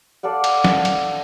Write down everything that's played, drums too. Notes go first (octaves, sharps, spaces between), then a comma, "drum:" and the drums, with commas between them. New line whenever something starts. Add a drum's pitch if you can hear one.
A4 D5 F5 F#5
drum: cymbal
drum: snare
drum: cymbal